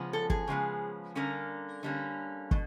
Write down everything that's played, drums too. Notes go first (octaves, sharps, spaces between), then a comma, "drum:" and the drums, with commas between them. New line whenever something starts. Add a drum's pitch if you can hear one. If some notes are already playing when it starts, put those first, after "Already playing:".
Already playing: C#3 F3 G#3 B3
A4
G#4, drum: kick
C#3 F3 G#3 B3
D3 G3 A#3 C#4 A#4
D3 G3 A#3 C#4
B2, drum: kick